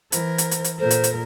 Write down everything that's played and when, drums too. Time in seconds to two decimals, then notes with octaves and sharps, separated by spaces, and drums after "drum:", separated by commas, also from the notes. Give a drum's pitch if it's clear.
0.12 E3 A#4 C5, drum: hi-hat
0.38 drum: hi-hat
0.51 drum: hi-hat
0.64 drum: hi-hat
0.79 A#2 A4 A#4 C5
0.91 drum: hi-hat
1.04 drum: hi-hat